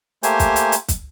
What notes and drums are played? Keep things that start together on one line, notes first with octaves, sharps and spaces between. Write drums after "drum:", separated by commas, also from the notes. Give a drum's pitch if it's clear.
A3 A#3 G4 C5 G#5, drum: hi-hat
drum: kick, hi-hat
drum: hi-hat
drum: hi-hat
drum: kick, hi-hat